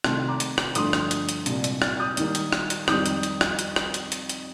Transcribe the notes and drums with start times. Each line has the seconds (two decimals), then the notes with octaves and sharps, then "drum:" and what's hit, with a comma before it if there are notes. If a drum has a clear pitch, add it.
0.04 C2 C3 D#3 A3 A5 C6, drum: rim click
0.28 A#5 D6
0.40 drum: hi-hat
0.58 drum: rim click
0.75 G2 D3 F3 A3 C6 D#6, drum: hi-hat
0.93 drum: rim click
1.11 drum: hi-hat
1.29 drum: hi-hat
1.46 C2 A#2 G3, drum: hi-hat
1.64 drum: hi-hat
1.82 F6 A6, drum: rim click
2.00 D#6 G6
2.17 D#2 D#3 G3, drum: hi-hat
2.35 drum: hi-hat
2.53 drum: rim click
2.70 drum: hi-hat
2.88 F2 D#3 G3 D#6 G6, drum: rim click
3.06 drum: hi-hat
3.23 drum: hi-hat
3.41 drum: rim click
3.59 drum: hi-hat
3.76 drum: rim click
3.94 drum: hi-hat
4.12 drum: hi-hat
4.29 drum: hi-hat